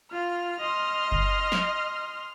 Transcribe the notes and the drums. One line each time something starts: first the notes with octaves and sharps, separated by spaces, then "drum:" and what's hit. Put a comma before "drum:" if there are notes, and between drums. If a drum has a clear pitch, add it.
F4 F6
D#5 C6
drum: kick G1
drum: snare